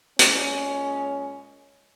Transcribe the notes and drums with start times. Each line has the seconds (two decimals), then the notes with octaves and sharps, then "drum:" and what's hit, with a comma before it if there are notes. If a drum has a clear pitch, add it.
0.19 A#2 G#3 C#4, drum: hi-hat